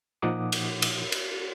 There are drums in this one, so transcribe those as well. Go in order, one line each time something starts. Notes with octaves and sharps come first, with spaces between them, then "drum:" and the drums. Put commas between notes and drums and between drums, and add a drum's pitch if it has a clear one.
A#2 F3 D#4 F#5 D6 D#6
drum: cymbal
drum: cymbal
drum: cymbal